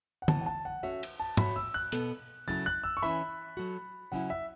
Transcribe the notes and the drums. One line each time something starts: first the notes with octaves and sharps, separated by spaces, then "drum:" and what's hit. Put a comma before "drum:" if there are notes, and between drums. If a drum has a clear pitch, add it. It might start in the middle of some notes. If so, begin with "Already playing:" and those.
F#5
A2 E3 B3 A5, drum: tom
F#5
A5
F#5
A3 C#4 F#4 C#5 E5
drum: cymbal
A5
A3 F#4 C#5 E5 B5, drum: tom
E6
F#6
B2 B3 A4, drum: hi-hat
C#3 F#3 A3 C#4 E4 A6
F#6
E6
C#6
E3 C#4 E4 B4 E5 B5
F#3 A3 F#4
C#3 F#3 C#4 E4 F#5
E5